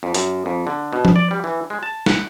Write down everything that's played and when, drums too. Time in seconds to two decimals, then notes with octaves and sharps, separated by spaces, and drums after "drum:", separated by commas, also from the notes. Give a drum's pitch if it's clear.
0.03 F2
0.14 F#2, drum: hi-hat
0.46 F2
0.67 D3
0.93 B2
1.05 drum: tom F3
1.16 D5
1.31 G3
1.44 E3
1.70 G#3
1.83 A5
2.06 F#5, drum: snare